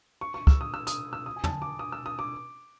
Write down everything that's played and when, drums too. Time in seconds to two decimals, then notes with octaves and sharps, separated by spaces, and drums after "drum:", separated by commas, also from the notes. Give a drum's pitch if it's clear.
0.21 C#6
0.34 C#6
0.47 E6, drum: kick
0.61 D#6
0.74 E6
0.87 D#6, drum: hi-hat
1.13 E6
1.26 D#6
1.36 G#5
1.44 A5, drum: tom
1.62 D6
1.79 D#6
1.92 E6
2.06 D#6
2.19 D6